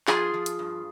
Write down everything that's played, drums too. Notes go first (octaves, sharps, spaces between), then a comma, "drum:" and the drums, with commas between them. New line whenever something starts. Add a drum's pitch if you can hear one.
F3 F4 G#4, drum: clap
F3
drum: hi-hat
G2